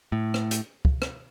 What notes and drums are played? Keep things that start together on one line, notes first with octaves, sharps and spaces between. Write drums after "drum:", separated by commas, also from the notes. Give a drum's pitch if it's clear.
A2
drum: rim click
drum: hi-hat
drum: kick
drum: rim click